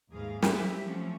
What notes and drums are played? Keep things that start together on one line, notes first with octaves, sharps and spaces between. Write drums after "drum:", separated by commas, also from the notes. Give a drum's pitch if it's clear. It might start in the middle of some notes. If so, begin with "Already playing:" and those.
D#2 G#2 E3 G#4 F5
F#3 C4 E4 G4 E5, drum: snare
F3 F#3 A3 C4 C#4